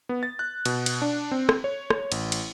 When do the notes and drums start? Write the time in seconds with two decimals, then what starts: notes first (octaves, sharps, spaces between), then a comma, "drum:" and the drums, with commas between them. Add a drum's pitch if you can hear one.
0.09 B3
0.23 A6
0.39 F#6
0.65 B2, drum: cymbal
0.86 drum: cymbal
1.02 D4
1.31 C4
1.49 drum: rim click
1.64 C#5
1.90 drum: rim click
2.12 A1, drum: cymbal
2.32 drum: cymbal